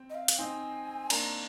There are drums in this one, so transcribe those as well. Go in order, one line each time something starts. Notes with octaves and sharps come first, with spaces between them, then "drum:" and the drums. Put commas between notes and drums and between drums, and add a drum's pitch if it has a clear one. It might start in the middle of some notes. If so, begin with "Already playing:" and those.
Already playing: C4
D#5
F5
drum: hi-hat
C4 D#4 G#5
A#3 D4 A#5, drum: cymbal